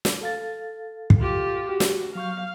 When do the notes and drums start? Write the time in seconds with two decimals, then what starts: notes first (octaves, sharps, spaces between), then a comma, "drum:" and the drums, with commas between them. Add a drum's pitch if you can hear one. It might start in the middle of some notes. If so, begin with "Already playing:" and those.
0.05 drum: snare
0.21 A4 F5 A6
1.10 drum: kick
1.20 F4 G4
1.69 F#4 G4
1.80 drum: snare
2.15 F#3 F5 C#6 G6